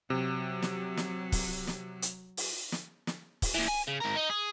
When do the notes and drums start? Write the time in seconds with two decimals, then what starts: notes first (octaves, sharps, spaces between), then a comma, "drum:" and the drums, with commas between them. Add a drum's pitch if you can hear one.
0.10 C3 F#3
0.62 drum: snare
0.97 drum: snare
1.32 drum: kick, open hi-hat
1.67 drum: snare
2.02 drum: hi-hat
2.37 drum: open hi-hat
2.72 drum: snare
3.07 drum: snare
3.42 drum: kick, open hi-hat
3.54 A#2 E3
3.68 G#5
3.88 C#3
4.01 G#2 A#4
4.16 D#4
4.30 G#4